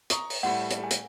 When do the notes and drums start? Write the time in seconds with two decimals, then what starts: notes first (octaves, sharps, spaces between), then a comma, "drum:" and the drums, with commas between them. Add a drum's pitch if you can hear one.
0.10 A#5 C#6 D#6, drum: hi-hat
0.30 drum: open hi-hat
0.43 A2 G3 A3 F#5 C6
0.71 drum: hi-hat
0.80 G#4 G#5
0.91 drum: hi-hat